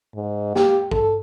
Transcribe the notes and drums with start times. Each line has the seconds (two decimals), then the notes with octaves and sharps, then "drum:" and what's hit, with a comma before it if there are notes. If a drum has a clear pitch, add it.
0.15 G#2
0.55 G4, drum: snare
0.91 A4, drum: kick